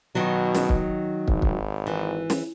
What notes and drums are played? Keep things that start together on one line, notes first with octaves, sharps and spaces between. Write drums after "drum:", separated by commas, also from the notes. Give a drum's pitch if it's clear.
B2 D#3 F#3
drum: snare
drum: kick
G#1, drum: kick
drum: kick
E3
drum: snare